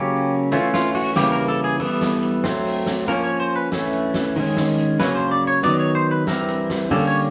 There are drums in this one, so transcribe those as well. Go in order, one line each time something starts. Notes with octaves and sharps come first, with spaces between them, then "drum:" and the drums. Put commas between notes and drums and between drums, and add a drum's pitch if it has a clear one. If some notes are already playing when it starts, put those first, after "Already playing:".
Already playing: C#3 F#3 A#3 C#4 G4
E3 A3 C#4 F4, drum: hi-hat
F4, drum: snare
F#4, drum: open hi-hat
C#3 E3 G3 A#3 G4, drum: snare
A#4
A4
G#4
E3 G3 B3 A4, drum: open hi-hat
drum: snare
drum: hi-hat
F#3 A3 C4, drum: snare
drum: open hi-hat
drum: snare
F3 A#3 C#4 A#4, drum: hi-hat
C#5
C5
B4
E3 A3 C#4, drum: snare
drum: hi-hat
drum: snare
D#3 G#3 C#4, drum: open hi-hat
drum: snare
drum: hi-hat
C#3 F#3 A#3 C#4 B4, drum: snare
C5
D5
C#5
D#3 F#3 B3 D5, drum: hi-hat
C#5
C5
B4
E3 G3 C4 A#4, drum: snare
drum: hi-hat
drum: snare
D3 G3 A#3 C#4 A4, drum: open hi-hat
C#5